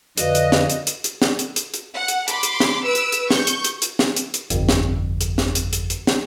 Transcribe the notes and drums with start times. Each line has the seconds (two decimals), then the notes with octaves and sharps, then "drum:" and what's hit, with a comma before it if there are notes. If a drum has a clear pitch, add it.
0.17 F2 D3 F#4 B4 D5 D#5 F5, drum: hi-hat
0.35 drum: hi-hat
0.52 drum: snare
0.70 drum: hi-hat
0.87 drum: hi-hat
1.04 drum: hi-hat
1.22 drum: snare
1.39 drum: hi-hat
1.56 drum: hi-hat
1.74 drum: hi-hat
1.94 F#5
2.08 drum: hi-hat
2.28 B5 C6 D6, drum: hi-hat
2.43 drum: hi-hat
2.60 drum: snare
2.85 B4 E6 D7
2.95 drum: hi-hat
3.12 drum: hi-hat
3.31 C#6 G6, drum: snare
3.47 drum: hi-hat
3.64 drum: hi-hat
3.82 drum: hi-hat
3.99 drum: snare
4.17 drum: hi-hat
4.34 drum: hi-hat
4.50 G1 C2 F2, drum: hi-hat
4.69 drum: snare
5.21 drum: hi-hat
5.38 drum: snare
5.55 drum: hi-hat
5.73 drum: hi-hat
5.90 drum: hi-hat
6.07 drum: snare